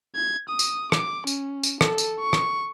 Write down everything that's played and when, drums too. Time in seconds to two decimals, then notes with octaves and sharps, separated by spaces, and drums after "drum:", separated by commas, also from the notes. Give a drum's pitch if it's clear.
0.16 G#6
0.49 D#6
0.59 drum: tambourine
0.92 D6, drum: rim click
1.27 C#4, drum: tambourine
1.63 drum: tambourine
1.81 A4, drum: rim click
1.98 drum: tambourine
2.20 C#6
2.33 drum: rim click